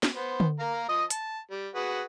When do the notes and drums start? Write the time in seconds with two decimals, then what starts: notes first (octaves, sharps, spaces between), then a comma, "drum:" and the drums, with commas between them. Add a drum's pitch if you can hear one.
0.03 drum: snare
0.16 B3 C5
0.40 drum: tom D3
0.60 A#4 F5 A#5
0.89 F3 D#5 D#6
1.10 A5, drum: hi-hat
1.51 G3
1.75 F#4 G#4 B4